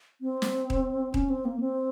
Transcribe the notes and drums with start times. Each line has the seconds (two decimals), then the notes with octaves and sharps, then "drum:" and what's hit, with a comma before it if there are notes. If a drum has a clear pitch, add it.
0.21 C4
0.42 drum: snare
0.70 drum: kick D#1
1.14 C#4, drum: kick D#1
1.30 C4
1.45 A#3
1.60 C4